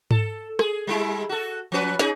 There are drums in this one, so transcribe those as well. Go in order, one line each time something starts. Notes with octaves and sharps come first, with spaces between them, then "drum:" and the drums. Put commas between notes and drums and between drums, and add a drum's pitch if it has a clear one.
A4, drum: tom G#2
G#4, drum: rim click
G3 G#3 E4
F#4 A4
F3 C#4 B4
C#4 D#4 G#4, drum: snare